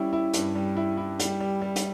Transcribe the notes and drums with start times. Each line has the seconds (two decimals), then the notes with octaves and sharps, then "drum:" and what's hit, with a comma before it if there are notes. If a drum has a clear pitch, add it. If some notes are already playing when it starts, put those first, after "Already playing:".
Already playing: G3 C#4 E4
0.13 E4
0.33 G2, drum: hi-hat
0.55 G3
0.77 E4
0.97 E4
1.19 G3, drum: hi-hat
1.40 G3
1.61 G3
1.76 drum: hi-hat